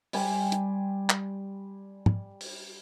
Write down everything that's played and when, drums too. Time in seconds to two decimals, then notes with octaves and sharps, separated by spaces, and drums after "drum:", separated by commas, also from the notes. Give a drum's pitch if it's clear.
0.13 G3 G5 G#5 C6, drum: open hi-hat
0.52 drum: hi-hat
1.10 drum: clap
2.06 drum: tom
2.41 drum: open hi-hat